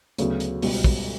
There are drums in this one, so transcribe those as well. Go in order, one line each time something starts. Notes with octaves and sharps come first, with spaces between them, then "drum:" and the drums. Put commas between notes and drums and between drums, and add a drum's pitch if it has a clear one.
D2 C#3 F#3 B3, drum: hi-hat
drum: hi-hat
C#2 B2 G3, drum: open hi-hat
drum: kick, open hi-hat